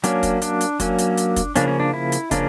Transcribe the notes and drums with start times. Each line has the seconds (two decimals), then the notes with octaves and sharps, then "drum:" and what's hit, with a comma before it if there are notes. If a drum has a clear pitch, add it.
0.04 F#3 A#3 C#4 D4, drum: hi-hat
0.23 drum: kick, hi-hat
0.42 D4, drum: hi-hat
0.61 drum: hi-hat
0.80 F#3 A#3 C#4, drum: kick, hi-hat
0.99 drum: hi-hat
1.17 drum: hi-hat
1.36 drum: kick, hi-hat
1.56 C#3 F3 A#3 C#4 D4, drum: hi-hat
1.68 C#4
1.80 D4
1.93 E4
2.12 drum: hi-hat
2.31 C#3 F3 A#3 C#4 D4, drum: kick, hi-hat